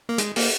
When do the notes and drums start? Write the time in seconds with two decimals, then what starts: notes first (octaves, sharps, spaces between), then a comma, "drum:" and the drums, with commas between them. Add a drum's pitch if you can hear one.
0.09 A#3
0.18 G#3, drum: hi-hat
0.36 A#3, drum: open hi-hat